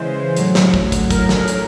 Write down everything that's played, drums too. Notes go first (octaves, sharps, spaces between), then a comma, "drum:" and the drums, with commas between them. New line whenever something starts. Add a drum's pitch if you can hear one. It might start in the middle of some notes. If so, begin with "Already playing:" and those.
Already playing: C#3 E3 G#3 C5
A2 F#3, drum: hi-hat
drum: snare
drum: kick
drum: kick, hi-hat
A2 F#3 A#4, drum: kick, hi-hat
drum: snare
drum: hi-hat